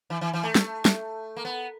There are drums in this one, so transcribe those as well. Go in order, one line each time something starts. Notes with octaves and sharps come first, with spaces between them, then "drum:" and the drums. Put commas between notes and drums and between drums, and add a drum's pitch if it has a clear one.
E3
E3
E3
A3
drum: snare
drum: snare
A#3
B3